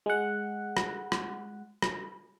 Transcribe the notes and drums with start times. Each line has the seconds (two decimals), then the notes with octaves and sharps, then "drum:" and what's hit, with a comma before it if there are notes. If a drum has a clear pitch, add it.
0.06 G#3 F#5
0.77 drum: rim click
1.12 drum: rim click
1.82 drum: rim click